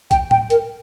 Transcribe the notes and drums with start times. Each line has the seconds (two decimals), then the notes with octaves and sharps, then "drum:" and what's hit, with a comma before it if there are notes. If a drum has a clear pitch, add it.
0.11 G5, drum: kick B1, hi-hat
0.31 G5, drum: tom
0.50 A#4, drum: hi-hat